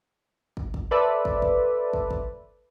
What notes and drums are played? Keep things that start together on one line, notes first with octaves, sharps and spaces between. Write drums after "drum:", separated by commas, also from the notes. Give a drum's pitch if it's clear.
drum: kick
drum: kick
A4 B4 C5 D5 E5 A5
drum: kick
drum: kick
drum: kick
drum: kick